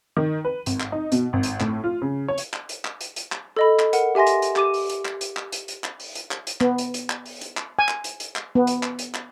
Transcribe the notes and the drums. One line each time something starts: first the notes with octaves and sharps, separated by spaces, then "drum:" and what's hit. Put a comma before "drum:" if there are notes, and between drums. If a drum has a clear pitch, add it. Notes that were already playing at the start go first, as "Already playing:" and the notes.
D#3
B4
G#1, drum: hi-hat
drum: clap
D#4
B2, drum: hi-hat
G#1
drum: hi-hat
A2, drum: clap
F4
C#3
C#5
drum: hi-hat
drum: clap
drum: hi-hat
drum: clap
drum: hi-hat
drum: hi-hat
drum: clap
A4 D#5 B5
drum: clap
A#4 F#5, drum: hi-hat
G4 E5 G#5 C6 A#6
drum: hi-hat
drum: hi-hat
G4 D6 D#7, drum: clap
drum: open hi-hat
drum: hi-hat
drum: clap
drum: hi-hat
drum: clap
drum: hi-hat
drum: hi-hat
drum: clap
drum: open hi-hat
drum: hi-hat
drum: clap
drum: hi-hat
B3, drum: clap
drum: hi-hat
drum: hi-hat
drum: clap
drum: open hi-hat
drum: hi-hat
drum: clap
G#5
drum: clap
drum: hi-hat
drum: hi-hat
drum: clap
B3
drum: hi-hat
drum: clap
drum: hi-hat
drum: clap